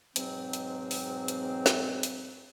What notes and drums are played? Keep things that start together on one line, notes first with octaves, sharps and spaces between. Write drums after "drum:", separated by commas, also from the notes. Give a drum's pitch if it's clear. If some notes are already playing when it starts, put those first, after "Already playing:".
G#2 B2 F#3 C4, drum: hi-hat
drum: hi-hat
drum: open hi-hat
drum: hi-hat
drum: snare
drum: hi-hat